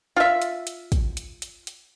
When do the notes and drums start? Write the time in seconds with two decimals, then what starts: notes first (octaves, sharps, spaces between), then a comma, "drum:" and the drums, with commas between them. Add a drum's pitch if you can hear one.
0.16 F4 E5
0.42 drum: hi-hat
0.67 drum: hi-hat
0.92 drum: kick, hi-hat
1.17 drum: hi-hat
1.42 drum: hi-hat
1.67 drum: hi-hat